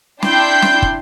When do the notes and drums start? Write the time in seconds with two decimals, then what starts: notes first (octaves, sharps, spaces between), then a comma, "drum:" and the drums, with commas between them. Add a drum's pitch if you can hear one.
0.23 D4 E4 G5 C6 G6, drum: snare
0.62 drum: snare
0.82 drum: kick